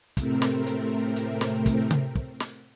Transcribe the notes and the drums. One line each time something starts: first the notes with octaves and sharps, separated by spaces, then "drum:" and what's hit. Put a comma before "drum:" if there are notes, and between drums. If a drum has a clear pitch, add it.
A2 C3 A3 C4 A#4, drum: kick, hi-hat
drum: snare
drum: hi-hat
drum: hi-hat
drum: snare
drum: kick, hi-hat
drum: tom C3
drum: kick
drum: snare